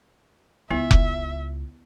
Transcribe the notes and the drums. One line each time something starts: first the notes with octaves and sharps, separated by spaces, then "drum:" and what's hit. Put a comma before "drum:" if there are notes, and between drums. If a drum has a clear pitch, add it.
C#2 B3 E4 E5
drum: kick F1